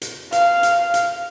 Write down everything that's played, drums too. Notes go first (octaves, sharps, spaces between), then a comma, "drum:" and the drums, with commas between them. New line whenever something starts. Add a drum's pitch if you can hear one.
drum: hi-hat
F5, drum: hi-hat
drum: hi-hat
drum: hi-hat